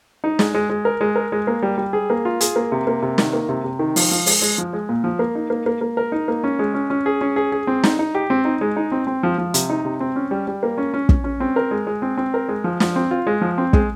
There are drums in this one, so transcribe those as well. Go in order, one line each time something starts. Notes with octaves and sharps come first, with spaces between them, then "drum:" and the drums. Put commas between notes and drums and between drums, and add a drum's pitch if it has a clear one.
D#4
G#3, drum: snare
G#3
G#3
A#4
G#3
A#4
G#3
A#3
G3
G3
G#4
A#3
F4
G#4, drum: hi-hat
A#3
C3
A#3
C3
D#3, drum: snare
A#3
C3
C3
D#3
F3, drum: open hi-hat
F3
G#3, drum: open hi-hat
G#3
F3
G#3
A#2
F3
A#3
D#4
A#3
A#3
A#3
A#4
D#4
A#3
C#4
G#3
C#4
C#4
G#4
C#4
G#4
G#4
C4
D#4, drum: snare
D#4
G4
C4
D#4
G#3
D#4
C4
C4
F3
F3
C3, drum: hi-hat
D#4
C3
C4
C#4
G3
G3
A#3
C#4
C#4
C#4, drum: kick
C#4
C4
A#4
G#3
G#3
C4
C4
A#4
G#3
F3
F3, drum: snare
C4
F4
G#3
F3
C4
G#3, drum: kick